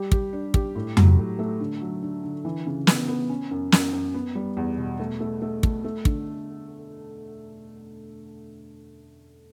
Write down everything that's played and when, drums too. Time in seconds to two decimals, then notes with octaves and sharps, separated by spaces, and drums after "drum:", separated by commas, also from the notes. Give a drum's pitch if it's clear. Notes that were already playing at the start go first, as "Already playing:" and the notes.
Already playing: G3 G4
0.12 G4, drum: kick
0.33 D4
0.54 G4, drum: kick
0.75 A2
0.97 F#3, drum: tom F2
1.18 A2
1.39 A3
1.60 D3
1.81 F#3
2.02 D3
2.24 D3
2.45 E3
2.67 C#3
2.87 B3, drum: snare
3.08 B3
3.30 C#4
3.51 F#2
3.72 F#2, drum: snare
3.93 F#2
4.14 B3
4.35 G3
4.57 E2
4.78 B2
5.00 A3
5.20 A3
5.42 A3
5.63 A3, drum: kick
5.84 A3
6.05 D3, drum: kick